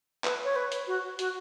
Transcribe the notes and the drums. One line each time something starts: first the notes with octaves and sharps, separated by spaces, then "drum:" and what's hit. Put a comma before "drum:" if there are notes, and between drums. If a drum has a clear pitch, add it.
B4, drum: clap
C#5
B4
drum: hi-hat
F#4
F#4, drum: hi-hat